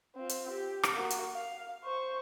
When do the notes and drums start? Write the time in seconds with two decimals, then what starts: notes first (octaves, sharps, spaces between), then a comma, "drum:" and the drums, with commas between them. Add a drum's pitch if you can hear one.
0.16 C4 F4
0.29 drum: hi-hat
0.50 G4
0.83 drum: rim click
0.95 A#3 F#4
1.10 drum: hi-hat
1.33 F5
1.84 C5 C#6